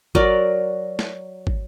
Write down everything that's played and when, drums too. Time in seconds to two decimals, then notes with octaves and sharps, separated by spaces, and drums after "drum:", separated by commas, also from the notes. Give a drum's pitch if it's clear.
0.15 F#3 A#4 D5, drum: kick
0.99 drum: snare
1.47 drum: kick